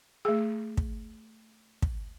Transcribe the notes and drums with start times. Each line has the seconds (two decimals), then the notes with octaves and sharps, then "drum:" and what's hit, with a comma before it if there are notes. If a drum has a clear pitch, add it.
0.25 A3 G#4
0.77 drum: kick
1.82 drum: kick